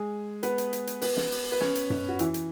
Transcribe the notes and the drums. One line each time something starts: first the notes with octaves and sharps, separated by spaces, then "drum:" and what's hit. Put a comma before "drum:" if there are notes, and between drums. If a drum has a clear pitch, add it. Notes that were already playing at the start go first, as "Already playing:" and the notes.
Already playing: G#3 G#4
B3 B4, drum: hi-hat
drum: hi-hat
drum: hi-hat
drum: hi-hat
B3 B4, drum: open hi-hat
drum: snare
drum: open hi-hat
B4
C#4 C#5, drum: snare
drum: hi-hat
drum: tom F#2
F#4
E3 E4, drum: hi-hat
drum: hi-hat